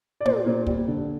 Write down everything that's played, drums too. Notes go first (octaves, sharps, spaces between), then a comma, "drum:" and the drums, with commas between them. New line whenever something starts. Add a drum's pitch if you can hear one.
D5
A#2 C5, drum: tom
A#2
G3, drum: kick
D3